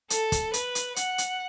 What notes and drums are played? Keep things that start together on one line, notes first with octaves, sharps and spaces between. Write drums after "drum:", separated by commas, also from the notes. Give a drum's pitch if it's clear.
A4, drum: hi-hat
drum: kick, hi-hat
B4, drum: hi-hat
drum: hi-hat
F#5, drum: hi-hat
drum: hi-hat